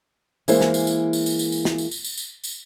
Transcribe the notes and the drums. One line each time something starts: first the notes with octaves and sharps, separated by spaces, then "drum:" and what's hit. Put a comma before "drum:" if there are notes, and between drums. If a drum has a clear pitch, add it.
E3 G#3 A#3 E4 C5, drum: tambourine
drum: snare
drum: tambourine
drum: tambourine
drum: tambourine
drum: tambourine
drum: tambourine
drum: tambourine
drum: snare
drum: tambourine
drum: tambourine
drum: tambourine
drum: tambourine
drum: tambourine